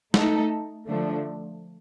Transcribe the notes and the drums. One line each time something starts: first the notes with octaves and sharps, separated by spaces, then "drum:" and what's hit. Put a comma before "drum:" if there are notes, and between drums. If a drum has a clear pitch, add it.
A3 D#4 A4, drum: snare
D3 F3 A3 D4